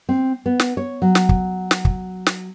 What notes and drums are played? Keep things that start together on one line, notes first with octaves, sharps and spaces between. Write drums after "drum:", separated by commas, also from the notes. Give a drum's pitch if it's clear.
C4
B3
drum: snare
C#5
F#3
drum: snare
drum: kick
drum: snare
drum: kick
drum: snare